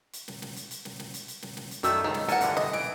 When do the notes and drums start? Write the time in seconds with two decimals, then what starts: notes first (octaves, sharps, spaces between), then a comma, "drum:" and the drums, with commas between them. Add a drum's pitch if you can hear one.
0.13 drum: hi-hat
0.28 drum: snare
0.42 drum: snare
0.56 drum: hi-hat
0.71 drum: hi-hat
0.85 drum: snare
0.99 drum: snare
1.14 drum: hi-hat
1.28 drum: hi-hat
1.42 drum: snare
1.57 drum: snare
1.71 drum: hi-hat
1.83 F#2 D#3 A3 D5 E6, drum: hi-hat
2.04 C#2 D#3
2.14 drum: snare
2.29 A1 A4 A#4 F#5 G#5, drum: hi-hat
2.41 G2 D3 E3, drum: hi-hat
2.57 D#5, drum: snare
2.73 E3 D7, drum: snare